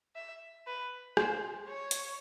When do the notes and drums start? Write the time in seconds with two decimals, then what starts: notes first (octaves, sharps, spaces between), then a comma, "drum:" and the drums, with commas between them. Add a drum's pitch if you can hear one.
0.16 E5
0.67 B4
1.17 C5, drum: rim click
1.67 C#5
1.91 drum: hi-hat